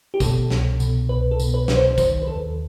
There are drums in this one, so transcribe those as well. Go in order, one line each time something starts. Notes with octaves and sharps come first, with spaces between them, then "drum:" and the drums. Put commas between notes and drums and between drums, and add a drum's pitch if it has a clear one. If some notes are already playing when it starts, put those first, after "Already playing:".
G4
B2 A4, drum: kick, tambourine
C2, drum: snare
B2, drum: tambourine
C2 B4
A4
B2, drum: tambourine
B4
C2, drum: snare
C5
D#3 C5, drum: kick, tambourine
B4
D#2 A4